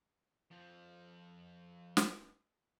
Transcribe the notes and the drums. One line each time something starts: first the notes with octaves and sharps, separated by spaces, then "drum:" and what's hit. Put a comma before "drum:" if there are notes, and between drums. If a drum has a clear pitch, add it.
F2 F3
drum: snare